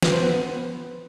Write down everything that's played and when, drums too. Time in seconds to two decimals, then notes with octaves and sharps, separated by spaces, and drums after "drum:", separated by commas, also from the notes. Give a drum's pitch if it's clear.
0.02 B4, drum: snare
0.12 C5
0.21 B3 B4